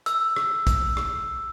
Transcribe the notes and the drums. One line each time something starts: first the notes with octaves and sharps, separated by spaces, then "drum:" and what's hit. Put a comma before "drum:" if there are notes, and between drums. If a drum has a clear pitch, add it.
E6, drum: hi-hat
drum: rim click
drum: kick, hi-hat
drum: rim click